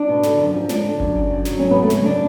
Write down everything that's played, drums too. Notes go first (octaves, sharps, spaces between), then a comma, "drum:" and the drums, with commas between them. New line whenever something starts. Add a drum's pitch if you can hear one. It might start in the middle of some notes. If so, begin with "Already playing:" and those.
Already playing: D4
B2
D3, drum: snare
F#2
F3
G#3 D4, drum: snare
D3
F#2, drum: kick G1
C#3
F#2
F#3, drum: snare
F#2 C#4
B3
C#3
A3
F#2 G#3, drum: snare
C#3 D4